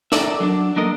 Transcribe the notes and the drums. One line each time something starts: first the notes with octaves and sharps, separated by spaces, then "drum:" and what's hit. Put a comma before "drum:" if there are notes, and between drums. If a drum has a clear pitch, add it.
A4 A#4 D5 E5, drum: snare
F#3 D4
F#3 A#3 D4 A4 A#4 D#5